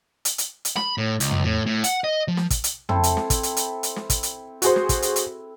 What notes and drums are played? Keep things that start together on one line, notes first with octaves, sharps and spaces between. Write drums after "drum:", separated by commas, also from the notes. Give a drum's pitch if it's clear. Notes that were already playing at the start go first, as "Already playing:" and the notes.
drum: hi-hat
drum: hi-hat
drum: hi-hat
B5, drum: snare
A2
C#2, drum: hi-hat
drum: tom
A2
A2
F#5, drum: hi-hat
D#5
F3
drum: snare
drum: kick, hi-hat
drum: hi-hat
C4 E4 A4, drum: tom
drum: hi-hat
drum: snare
drum: kick, hi-hat
drum: hi-hat
drum: hi-hat
drum: hi-hat
drum: snare
drum: kick, hi-hat
drum: hi-hat
F#4 G#4 C5, drum: hi-hat
drum: snare
drum: kick, hi-hat
drum: hi-hat
drum: hi-hat